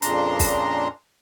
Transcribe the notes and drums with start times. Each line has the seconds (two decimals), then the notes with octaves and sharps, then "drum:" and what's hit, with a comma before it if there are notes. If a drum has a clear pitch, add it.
0.02 F2 A#2 C#3 D4 A#5 C6, drum: hi-hat
0.39 drum: kick, open hi-hat